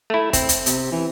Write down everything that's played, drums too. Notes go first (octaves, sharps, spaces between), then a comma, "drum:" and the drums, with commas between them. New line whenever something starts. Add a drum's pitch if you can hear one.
A3 E4
C4, drum: kick, hi-hat
drum: hi-hat
C3, drum: hi-hat
E3